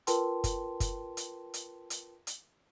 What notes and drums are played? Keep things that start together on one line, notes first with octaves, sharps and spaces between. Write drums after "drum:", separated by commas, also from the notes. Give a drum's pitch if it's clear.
F4 A#4 B4 G5 A5 C6, drum: hi-hat
drum: kick, hi-hat
drum: kick, hi-hat
drum: hi-hat
drum: hi-hat
drum: hi-hat
drum: hi-hat